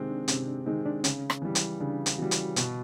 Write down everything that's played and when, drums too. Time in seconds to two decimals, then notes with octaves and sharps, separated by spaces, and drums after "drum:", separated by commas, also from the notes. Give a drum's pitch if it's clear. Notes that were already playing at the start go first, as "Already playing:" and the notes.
Already playing: C3 D#3 G#3 C4
0.09 D4
0.28 C3 C#4, drum: hi-hat
0.47 D4
0.66 D#3 G#3 C4 D#4
0.86 D4
1.04 C#3 C#4, drum: hi-hat
1.30 drum: rim click
1.42 E3 G3
1.55 drum: hi-hat
1.80 C#3 D4
2.06 drum: hi-hat
2.18 E3 G3 F#4
2.31 drum: hi-hat
2.56 B2, drum: hi-hat